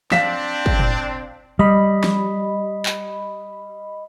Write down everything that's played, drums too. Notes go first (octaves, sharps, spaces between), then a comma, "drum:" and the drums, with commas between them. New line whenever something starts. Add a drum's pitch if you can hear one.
C4 D4 F5 B6 E7, drum: snare
drum: kick
drum: tom A2
G3 D#5 B5
drum: snare
drum: clap